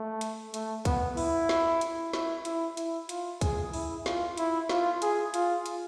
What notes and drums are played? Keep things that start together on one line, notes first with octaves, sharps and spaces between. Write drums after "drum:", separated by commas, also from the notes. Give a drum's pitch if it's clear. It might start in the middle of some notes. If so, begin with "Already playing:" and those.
Already playing: A3
drum: hi-hat
A3, drum: hi-hat
B3, drum: kick C2, hi-hat
E4, drum: open hi-hat
drum: snare
drum: hi-hat
E4, drum: snare
E4, drum: hi-hat
E4, drum: hi-hat
F4, drum: hi-hat
G#4, drum: kick C2, hi-hat
E4, drum: open hi-hat
F4, drum: snare
E4, drum: hi-hat
F4, drum: snare
G#4, drum: hi-hat
F4, drum: hi-hat
drum: hi-hat